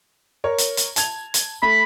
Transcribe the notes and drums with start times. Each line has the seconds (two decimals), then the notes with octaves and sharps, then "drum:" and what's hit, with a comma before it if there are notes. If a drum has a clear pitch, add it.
0.44 A#4 C#5
0.58 drum: hi-hat
0.77 drum: hi-hat
0.96 A5 G#6 F7, drum: hi-hat
1.34 drum: hi-hat
1.62 A3 B5